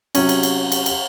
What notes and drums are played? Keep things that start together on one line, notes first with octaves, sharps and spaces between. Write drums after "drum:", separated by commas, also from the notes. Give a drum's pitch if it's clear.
C3 F#3 C#4, drum: cymbal
drum: cymbal
drum: cymbal
drum: cymbal
drum: cymbal